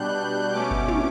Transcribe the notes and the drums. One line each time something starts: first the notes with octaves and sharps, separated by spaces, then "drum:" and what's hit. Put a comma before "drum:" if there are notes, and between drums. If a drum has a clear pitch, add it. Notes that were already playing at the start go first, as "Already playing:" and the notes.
Already playing: B2 G3 D4 F#6 G6
B2 A3 C#4 D6
drum: kick F#1
drum: tom